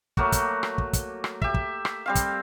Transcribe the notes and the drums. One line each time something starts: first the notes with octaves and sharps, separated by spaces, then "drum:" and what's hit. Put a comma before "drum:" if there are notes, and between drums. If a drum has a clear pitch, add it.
F#3 A3 A#3 F#4, drum: kick
drum: kick, hi-hat
drum: rim click
drum: kick
drum: kick, hi-hat
drum: rim click
G4 E5, drum: kick
drum: kick
drum: rim click
G3 C4 F5
drum: kick, hi-hat